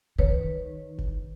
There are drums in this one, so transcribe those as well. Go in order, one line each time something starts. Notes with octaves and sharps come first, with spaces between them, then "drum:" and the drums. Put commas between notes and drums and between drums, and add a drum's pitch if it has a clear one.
D#3 B4 C#5
drum: kick F#1